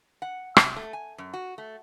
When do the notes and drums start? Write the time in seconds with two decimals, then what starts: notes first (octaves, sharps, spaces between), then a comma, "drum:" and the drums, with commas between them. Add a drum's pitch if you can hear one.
0.22 F#5
0.57 C3, drum: rim click
0.76 A3
0.93 G#5
1.18 F#2
1.34 F#4
1.58 A3